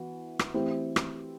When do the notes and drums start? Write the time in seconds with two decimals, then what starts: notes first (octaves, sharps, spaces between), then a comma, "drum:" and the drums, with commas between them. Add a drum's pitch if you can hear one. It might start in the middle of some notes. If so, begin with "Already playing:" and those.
Already playing: E3 B3 F#4
0.39 drum: rim click
0.54 E3 A3 C4 E4 G4
0.96 drum: rim click